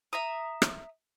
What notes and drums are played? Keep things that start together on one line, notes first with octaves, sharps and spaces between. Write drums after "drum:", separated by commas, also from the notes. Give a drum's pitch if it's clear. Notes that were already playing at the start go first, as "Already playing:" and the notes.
E5 A#5 D#6
drum: rim click